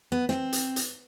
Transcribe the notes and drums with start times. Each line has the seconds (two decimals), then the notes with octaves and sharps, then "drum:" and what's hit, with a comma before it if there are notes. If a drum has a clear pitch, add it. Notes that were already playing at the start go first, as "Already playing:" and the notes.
0.12 B3
0.29 C4, drum: snare
0.53 drum: hi-hat
0.76 drum: hi-hat